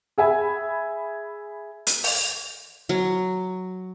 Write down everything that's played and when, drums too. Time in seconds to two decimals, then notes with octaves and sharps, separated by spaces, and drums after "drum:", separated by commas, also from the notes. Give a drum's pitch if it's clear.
0.18 G#4 E5 G#5 B5
1.87 drum: hi-hat
2.04 drum: open hi-hat
2.89 F#3